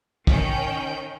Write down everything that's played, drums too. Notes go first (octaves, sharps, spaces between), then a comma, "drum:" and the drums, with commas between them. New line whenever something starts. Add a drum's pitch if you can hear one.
D#3 C#4 G5, drum: kick